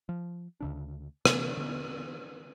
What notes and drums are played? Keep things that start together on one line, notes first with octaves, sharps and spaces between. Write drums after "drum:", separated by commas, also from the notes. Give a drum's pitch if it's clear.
F3
D2 C#3 D4
C3 A3 B3, drum: rim click
D3 B3